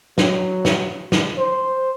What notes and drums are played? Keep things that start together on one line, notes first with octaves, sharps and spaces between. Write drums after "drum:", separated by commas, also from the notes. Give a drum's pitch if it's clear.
F#3, drum: snare
drum: snare
drum: snare
C5